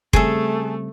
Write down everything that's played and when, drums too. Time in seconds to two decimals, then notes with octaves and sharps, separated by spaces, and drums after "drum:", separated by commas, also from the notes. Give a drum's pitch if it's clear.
0.13 C#3 G3 A3 C4 G#4 A4, drum: kick